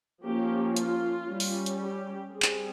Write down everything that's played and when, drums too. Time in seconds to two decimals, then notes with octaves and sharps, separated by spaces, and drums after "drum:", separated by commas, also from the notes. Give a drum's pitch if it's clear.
0.24 F3 A#3 C#4 G4
0.76 F4, drum: hi-hat
1.28 G3 C#4
1.40 drum: open hi-hat
1.66 drum: hi-hat
1.80 G4
2.31 G3 C4 G#4
2.42 drum: clap